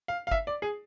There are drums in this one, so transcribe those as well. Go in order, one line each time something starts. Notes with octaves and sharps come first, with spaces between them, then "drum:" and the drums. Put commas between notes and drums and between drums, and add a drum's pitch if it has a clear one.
F5
F5
E5, drum: kick G1
D5
G#4